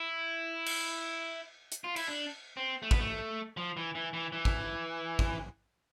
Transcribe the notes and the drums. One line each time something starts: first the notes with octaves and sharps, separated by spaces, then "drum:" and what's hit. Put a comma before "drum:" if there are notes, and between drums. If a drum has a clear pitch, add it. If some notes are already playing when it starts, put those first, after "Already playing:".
Already playing: E4
drum: cymbal
drum: hi-hat
F4
E4, drum: cymbal
D4
C4
A3
B3, drum: kick A1
A3
F3
E3
E3
E3
E3
drum: kick A1
drum: kick A1